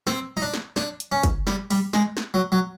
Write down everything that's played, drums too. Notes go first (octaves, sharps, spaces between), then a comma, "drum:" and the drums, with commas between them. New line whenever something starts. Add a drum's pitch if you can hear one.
C4, drum: snare
D#4
D4
drum: snare
D4, drum: snare
drum: hi-hat
C#4
drum: kick, hi-hat
G3, drum: snare
G3, drum: open hi-hat
G#3, drum: snare
drum: snare
F#3
F#3